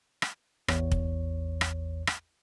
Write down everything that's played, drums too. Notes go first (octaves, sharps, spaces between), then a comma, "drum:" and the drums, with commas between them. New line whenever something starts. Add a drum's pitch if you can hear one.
drum: rim click
A1 E2 C#5, drum: rim click
drum: kick
drum: rim click
drum: rim click